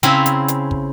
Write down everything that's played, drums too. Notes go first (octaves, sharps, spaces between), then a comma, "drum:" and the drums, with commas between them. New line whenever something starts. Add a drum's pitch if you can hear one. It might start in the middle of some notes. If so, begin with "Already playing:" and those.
C#3 C4 E4 F5 G#5 A#5, drum: hi-hat
drum: hi-hat
drum: hi-hat
drum: kick